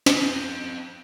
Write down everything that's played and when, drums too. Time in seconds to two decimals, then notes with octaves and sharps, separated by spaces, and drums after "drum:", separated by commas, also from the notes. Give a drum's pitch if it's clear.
0.06 drum: snare
0.21 C4 A4